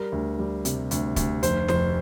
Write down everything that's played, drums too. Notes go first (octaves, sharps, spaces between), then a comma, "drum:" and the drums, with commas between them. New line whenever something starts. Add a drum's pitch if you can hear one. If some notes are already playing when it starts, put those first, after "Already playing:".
Already playing: G3 A#4
D2
G3
C3, drum: hi-hat
D2, drum: hi-hat
D2, drum: kick, hi-hat
F1 C5, drum: hi-hat
F1 C5, drum: snare